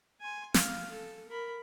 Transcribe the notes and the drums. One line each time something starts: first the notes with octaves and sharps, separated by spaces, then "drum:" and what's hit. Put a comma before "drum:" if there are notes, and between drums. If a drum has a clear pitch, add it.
G#5 C6
F5, drum: snare
A4
A#4 B5